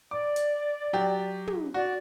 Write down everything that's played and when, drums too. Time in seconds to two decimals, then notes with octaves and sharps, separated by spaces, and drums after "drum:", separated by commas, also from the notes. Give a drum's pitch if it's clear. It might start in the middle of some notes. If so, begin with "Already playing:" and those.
0.11 D5 D6
0.36 drum: hi-hat
0.93 F#3 G4
1.47 drum: tom
1.74 F#4 D5